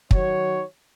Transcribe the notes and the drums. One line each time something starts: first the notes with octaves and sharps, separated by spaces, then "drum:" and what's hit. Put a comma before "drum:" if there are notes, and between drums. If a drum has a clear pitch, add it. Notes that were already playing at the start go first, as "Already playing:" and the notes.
D#3 F#3 D#4 F#4 C#5, drum: kick